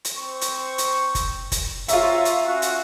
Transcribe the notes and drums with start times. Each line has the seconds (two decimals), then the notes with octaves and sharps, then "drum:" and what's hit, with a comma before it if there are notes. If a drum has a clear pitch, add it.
0.05 drum: hi-hat
0.16 C4 C5 C#6
0.41 drum: hi-hat
0.78 drum: hi-hat
1.15 drum: kick F#1, hi-hat
1.52 drum: kick F#1, hi-hat
1.88 C4 F4 C#5 E5 A#5, drum: hi-hat
2.25 drum: hi-hat
2.45 C#4 F#4
2.62 drum: hi-hat